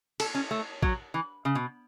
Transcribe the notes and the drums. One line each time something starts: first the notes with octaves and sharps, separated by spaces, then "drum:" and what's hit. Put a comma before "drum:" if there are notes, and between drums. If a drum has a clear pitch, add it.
A4, drum: cymbal
C#4
A3
F#3, drum: kick A1
E3
C#3
B2